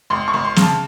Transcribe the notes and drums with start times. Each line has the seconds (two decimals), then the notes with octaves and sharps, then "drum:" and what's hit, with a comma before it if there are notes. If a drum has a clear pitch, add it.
0.10 G#1 C6
0.28 C#6
0.34 G#1
0.44 C6
0.56 C#3, drum: snare
0.62 A5